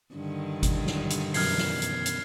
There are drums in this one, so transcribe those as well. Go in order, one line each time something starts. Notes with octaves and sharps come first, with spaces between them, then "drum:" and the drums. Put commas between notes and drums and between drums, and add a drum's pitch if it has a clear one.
G2 D3 D#3
drum: kick G1, hi-hat
drum: snare
drum: hi-hat
F#2 B2 E3 F6 G#6 C7, drum: open hi-hat
drum: snare
drum: hi-hat
drum: hi-hat